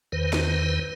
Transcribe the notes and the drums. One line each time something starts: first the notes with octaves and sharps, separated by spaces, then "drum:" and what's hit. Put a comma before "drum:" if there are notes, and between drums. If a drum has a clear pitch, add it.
E2 D#3 B4 C5
drum: snare